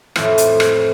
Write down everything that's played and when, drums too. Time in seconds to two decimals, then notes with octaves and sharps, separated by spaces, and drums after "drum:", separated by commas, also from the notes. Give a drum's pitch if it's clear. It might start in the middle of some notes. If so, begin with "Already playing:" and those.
0.16 F2 A2 E3 F3 C4 F4, drum: rim click
0.38 drum: hi-hat
0.60 drum: rim click